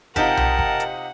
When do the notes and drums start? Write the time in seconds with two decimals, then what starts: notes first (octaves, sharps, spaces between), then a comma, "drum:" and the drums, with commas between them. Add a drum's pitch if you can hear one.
0.16 C3 D#4 F4 G4 A#4 F#5 A5, drum: kick G1, hi-hat
0.37 drum: tom B1
0.59 drum: kick G1
0.80 drum: hi-hat